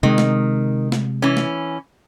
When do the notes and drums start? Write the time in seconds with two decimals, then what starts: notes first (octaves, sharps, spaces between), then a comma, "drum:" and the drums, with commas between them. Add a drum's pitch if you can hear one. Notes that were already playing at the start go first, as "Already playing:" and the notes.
0.03 C3 D#3 G#3
0.18 drum: snare
0.92 drum: snare
1.22 E3 C#4
1.37 drum: snare